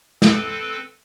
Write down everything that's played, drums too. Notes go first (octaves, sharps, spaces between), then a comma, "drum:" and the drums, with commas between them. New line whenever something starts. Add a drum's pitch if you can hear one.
C4 A4 B4, drum: snare